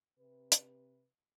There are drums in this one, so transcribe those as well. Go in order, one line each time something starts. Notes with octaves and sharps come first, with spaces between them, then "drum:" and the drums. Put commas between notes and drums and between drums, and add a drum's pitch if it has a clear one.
C3 B4
drum: hi-hat